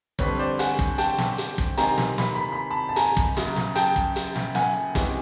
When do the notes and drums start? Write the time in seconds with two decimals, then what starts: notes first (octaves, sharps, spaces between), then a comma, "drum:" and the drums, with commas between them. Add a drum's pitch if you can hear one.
0.19 F2 D3 G3 C4 B4 C#5, drum: kick
0.39 C5 D5
0.59 F#5 G#5, drum: hi-hat
0.79 drum: kick
0.98 G5 A5, drum: hi-hat
1.18 drum: snare
1.38 drum: hi-hat
1.58 drum: kick
1.77 C3 D#3 G#3 C4 G#5 A#5, drum: hi-hat
1.98 drum: snare
2.18 B5, drum: snare
2.35 B5
2.52 B5
2.71 A5 B5
2.89 A5
2.96 G#5 A#5, drum: hi-hat
3.17 drum: kick
3.37 F#2 C#3 F#3, drum: hi-hat
3.56 drum: snare
3.76 G5 A5, drum: hi-hat
3.96 drum: kick
4.16 drum: hi-hat
4.36 drum: snare
4.55 F#5 G#5, drum: snare
4.95 C3 E3 G#3 C#4, drum: kick, hi-hat